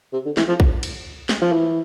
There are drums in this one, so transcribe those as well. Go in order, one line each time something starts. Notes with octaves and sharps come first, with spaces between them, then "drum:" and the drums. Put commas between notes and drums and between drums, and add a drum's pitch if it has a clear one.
C3
D3
E3, drum: snare
F3
drum: kick A#1
drum: cymbal
drum: snare
F3
E3